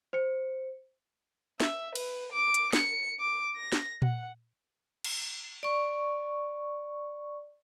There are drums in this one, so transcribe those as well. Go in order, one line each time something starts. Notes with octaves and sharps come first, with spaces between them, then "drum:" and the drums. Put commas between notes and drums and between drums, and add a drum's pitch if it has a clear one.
C5 C#7
E5, drum: snare
B4, drum: cymbal
D6
drum: hi-hat
C#7, drum: snare
D6
A#6
drum: snare
F#5, drum: tom A#2
drum: cymbal
D5 C#6